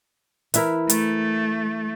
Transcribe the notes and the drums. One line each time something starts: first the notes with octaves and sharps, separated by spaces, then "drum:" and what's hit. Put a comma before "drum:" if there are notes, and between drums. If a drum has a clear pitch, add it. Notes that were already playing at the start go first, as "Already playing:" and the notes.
E3 E4 A#4, drum: hi-hat
A3, drum: hi-hat